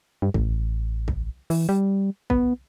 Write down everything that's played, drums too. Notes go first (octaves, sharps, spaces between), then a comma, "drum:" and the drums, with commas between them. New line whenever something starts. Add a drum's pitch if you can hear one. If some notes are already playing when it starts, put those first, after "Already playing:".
G2
A1, drum: kick
drum: kick
E3, drum: open hi-hat
G3
B3, drum: kick